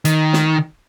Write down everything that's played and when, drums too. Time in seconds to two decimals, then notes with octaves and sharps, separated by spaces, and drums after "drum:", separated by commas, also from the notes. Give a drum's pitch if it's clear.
0.05 D#3, drum: hi-hat
0.33 drum: snare